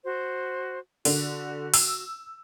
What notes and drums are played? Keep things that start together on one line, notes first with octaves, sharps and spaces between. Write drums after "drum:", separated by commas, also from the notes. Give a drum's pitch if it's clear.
F#4 C5
D3 F#4, drum: open hi-hat
E6, drum: open hi-hat